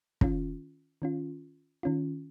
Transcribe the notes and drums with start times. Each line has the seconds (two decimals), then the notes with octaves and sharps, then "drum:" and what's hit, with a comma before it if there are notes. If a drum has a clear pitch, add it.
0.21 D#3 C#4 F4, drum: kick
1.02 D#3 C#4 F4
1.83 D#3 C#4 F4